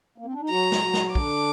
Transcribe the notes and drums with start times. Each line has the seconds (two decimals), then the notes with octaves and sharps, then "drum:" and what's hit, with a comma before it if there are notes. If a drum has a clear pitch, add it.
0.18 A#3
0.25 C4
0.33 D4
0.41 D#4
0.50 F#3 F#4 A#5
0.72 drum: snare
0.82 F#3 F#4
0.94 drum: snare
1.15 D3 D4 D6, drum: kick